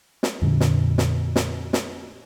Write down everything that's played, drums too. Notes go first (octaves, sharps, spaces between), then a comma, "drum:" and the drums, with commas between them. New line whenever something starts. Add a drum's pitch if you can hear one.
drum: snare
F2 A#2 D3 G3
drum: snare
drum: snare
drum: snare
drum: snare